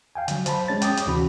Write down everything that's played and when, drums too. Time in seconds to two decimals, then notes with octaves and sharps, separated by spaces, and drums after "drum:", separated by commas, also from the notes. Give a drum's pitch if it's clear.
0.15 F5 G5 G#5
0.28 D3 F#3, drum: hi-hat
0.46 C5 A5 B5, drum: hi-hat
0.68 G#3 C#4 C#5 A6
0.82 G5 D6 D#6, drum: hi-hat
0.97 drum: hi-hat
1.06 D2 C3 E3 C#4 F#4 B5